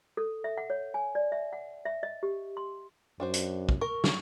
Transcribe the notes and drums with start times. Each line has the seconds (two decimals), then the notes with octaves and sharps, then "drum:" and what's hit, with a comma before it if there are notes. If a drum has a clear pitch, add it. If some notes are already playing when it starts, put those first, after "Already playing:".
0.17 A4
0.44 E5
0.57 F#5
0.70 C#5
0.94 G#5
1.15 D5
1.32 E5
1.53 F#5
1.85 E5
2.03 D#5
2.23 G4
2.57 C6
3.20 F#2 D4 F#4 C5
3.34 drum: hi-hat
3.69 drum: kick
3.81 A#4 C#6
4.04 drum: snare